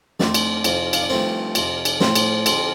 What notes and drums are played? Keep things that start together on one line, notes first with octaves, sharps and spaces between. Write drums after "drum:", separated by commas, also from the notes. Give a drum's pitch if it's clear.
F2 D3 A3 C4 D5, drum: snare
drum: cymbal
F2 C3 F3, drum: cymbal
F5, drum: cymbal
D5
G2 F3 A3 C4 C5
F2 C3 F3, drum: cymbal
drum: cymbal
A2 F3 C4 C5, drum: snare
drum: cymbal
F2 D3 G3 C4, drum: cymbal